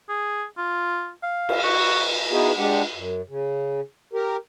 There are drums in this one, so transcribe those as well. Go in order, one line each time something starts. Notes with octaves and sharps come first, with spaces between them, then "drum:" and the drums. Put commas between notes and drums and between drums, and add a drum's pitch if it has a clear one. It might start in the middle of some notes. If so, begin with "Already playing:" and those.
G#4
F4
F5
drum: cymbal
F#4
B3 D#4 E4 F#4 G#4
G#3 D4 G4 F#5
F#2
C#3
G4 A#4